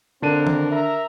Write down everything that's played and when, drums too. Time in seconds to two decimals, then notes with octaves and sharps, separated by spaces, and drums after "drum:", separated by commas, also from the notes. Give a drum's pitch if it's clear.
0.22 F2 D3 C4 D4 A#4 D#7
0.47 drum: tom D#3
0.71 A#4 E5 A#5